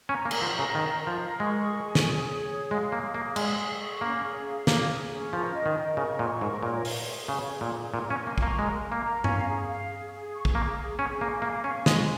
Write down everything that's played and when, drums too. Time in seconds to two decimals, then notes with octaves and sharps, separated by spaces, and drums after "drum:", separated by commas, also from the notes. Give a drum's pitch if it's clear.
0.09 C#4 A#5
0.25 A#3
0.31 A#4, drum: cymbal
0.42 F3
0.52 A#4
0.59 C#3
0.74 D#3 A#5
0.96 A#4
1.07 F3
1.19 A#4
1.40 G#3 C#6
1.62 G#4
1.84 G#5
1.95 drum: snare
2.05 G#4
2.27 C#5
2.49 G#4
2.71 G#3 F5
2.92 A#3 G#4
3.14 A#3 G#4
3.36 G#3 G#4, drum: cymbal
3.58 G#4
3.80 C#6
4.01 A#3 C#4
4.24 G#4
4.45 F5
4.67 A#3 G#4, drum: snare
4.89 G#4
5.11 C#4
5.32 F3 A#4
5.54 D#5
5.66 D#3
5.76 A#4
5.97 C#3 C#6
6.19 A#2 C#6
6.41 G#2 A#4
6.63 A#2 C#5
6.85 C#5, drum: open hi-hat
7.07 G#4
7.28 C#3 C#5
7.51 G#4
7.61 A#2
7.72 G#4
7.94 A#2 A#4
8.10 C#4
8.16 C#6
8.27 A#3
8.38 A#3 A#5, drum: kick A#1
8.59 G#3 A#4
8.81 A#4
8.92 A#3
9.03 A#5
9.24 C#4 F5, drum: tom G2
9.47 G#4
9.68 F5
9.90 G#4
10.12 G#4
10.34 C#6
10.45 drum: kick A#1
10.55 A#3 G#4
10.77 G#4
10.99 C#4 G#4
11.21 A#3 G#5
11.42 A#3 F5
11.64 C#4 C#6
11.86 G#3 G#4, drum: snare